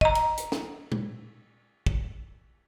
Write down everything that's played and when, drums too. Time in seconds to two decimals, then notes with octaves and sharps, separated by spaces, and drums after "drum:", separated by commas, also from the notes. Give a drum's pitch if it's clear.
0.01 D#5 A#5, drum: kick
0.15 drum: cymbal
0.37 drum: hi-hat
0.52 drum: snare
0.92 drum: tom A#2
1.86 drum: kick